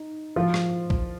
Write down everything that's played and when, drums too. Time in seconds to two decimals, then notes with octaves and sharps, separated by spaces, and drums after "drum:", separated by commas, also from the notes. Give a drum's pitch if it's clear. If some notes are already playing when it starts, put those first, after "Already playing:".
Already playing: D#4
0.36 F3 F4
0.54 drum: rim click
0.90 drum: kick B1